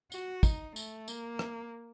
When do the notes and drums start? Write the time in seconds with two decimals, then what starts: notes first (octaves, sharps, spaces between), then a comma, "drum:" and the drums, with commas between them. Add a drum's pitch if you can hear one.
0.12 F#4, drum: tambourine
0.43 D#4, drum: kick, tambourine
0.76 A3, drum: tambourine
1.08 A#3, drum: tambourine
1.39 drum: rim click